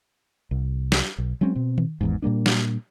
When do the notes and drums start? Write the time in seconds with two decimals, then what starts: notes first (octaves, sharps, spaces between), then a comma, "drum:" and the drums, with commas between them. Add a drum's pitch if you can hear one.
0.51 C2
0.92 drum: snare
1.18 B1
1.41 F#3 G#3 C4 C#4
1.55 B2 C4
1.78 drum: tom D#3
2.01 G#1 E2 G#2
2.22 A#2 G3 A#3 D4
2.46 drum: snare